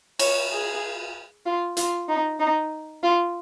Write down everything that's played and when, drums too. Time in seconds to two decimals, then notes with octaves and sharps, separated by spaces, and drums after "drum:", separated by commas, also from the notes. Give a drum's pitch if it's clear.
0.19 C#5, drum: cymbal
0.50 G#4
1.45 F4
1.77 F4, drum: hi-hat
2.08 D#4
2.39 D#4
3.03 F4